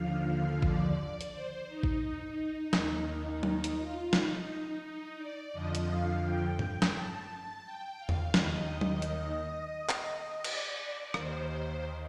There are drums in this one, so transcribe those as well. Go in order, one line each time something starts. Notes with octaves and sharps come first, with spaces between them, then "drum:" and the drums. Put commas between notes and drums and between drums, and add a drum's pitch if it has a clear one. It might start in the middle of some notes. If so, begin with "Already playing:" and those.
Already playing: D#2 D3 F3 F5
D5, drum: kick A1
drum: hi-hat
C5
D#4
drum: kick A1
D#2 D#3, drum: snare
D#4, drum: tom F#3
drum: hi-hat
F4
D#4, drum: snare
D#4
D5
F2 D3 F3 D#5
drum: hi-hat
F5
G5
G5, drum: tom G2
drum: snare
A5
G5
F5
drum: tom E2
D#2 D#3 D#5, drum: snare
drum: tom F#3
drum: hi-hat
drum: clap
D5, drum: cymbal
D5
D#2 D#3 C5, drum: rim click